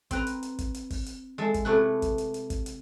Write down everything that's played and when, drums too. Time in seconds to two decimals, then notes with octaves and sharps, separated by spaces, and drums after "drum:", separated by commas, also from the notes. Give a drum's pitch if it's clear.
0.11 C4 B4 A#5, drum: kick, hi-hat
0.27 drum: hi-hat
0.43 drum: hi-hat
0.59 drum: kick, hi-hat
0.75 drum: hi-hat
0.90 drum: kick, open hi-hat
1.06 drum: hi-hat
1.38 G#3 A4 E5
1.54 drum: kick, hi-hat
1.65 C3 A3 E4 B4
2.02 drum: kick, hi-hat
2.18 drum: hi-hat
2.34 drum: hi-hat
2.50 drum: kick, hi-hat
2.66 drum: hi-hat